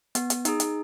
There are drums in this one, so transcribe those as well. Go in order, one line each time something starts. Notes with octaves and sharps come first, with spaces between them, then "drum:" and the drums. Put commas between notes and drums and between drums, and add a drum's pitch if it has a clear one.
B3, drum: hi-hat
drum: hi-hat
D#4 G#4, drum: hi-hat
drum: hi-hat